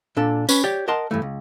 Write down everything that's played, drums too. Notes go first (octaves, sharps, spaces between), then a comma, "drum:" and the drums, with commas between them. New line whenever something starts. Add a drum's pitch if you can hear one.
A#2 D4 A4
C#4 B4, drum: tambourine
G4 C#5 D5 G5
A#4 D#5 F#5 A5 C6
G2 E3 A3
C#2